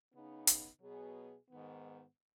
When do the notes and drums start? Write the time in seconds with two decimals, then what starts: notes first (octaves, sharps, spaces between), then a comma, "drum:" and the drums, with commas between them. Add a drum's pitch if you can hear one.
0.13 C#3 B3 D#4
0.47 drum: hi-hat
0.81 B2 F#3 B3 G#4
1.50 G#2 D#3 B3